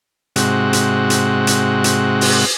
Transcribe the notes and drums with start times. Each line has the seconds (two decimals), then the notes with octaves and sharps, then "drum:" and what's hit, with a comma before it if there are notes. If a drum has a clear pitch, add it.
0.36 G#2 C3 F#4, drum: hi-hat
0.73 drum: hi-hat
1.10 drum: hi-hat
1.47 drum: hi-hat
1.84 drum: hi-hat
2.21 drum: open hi-hat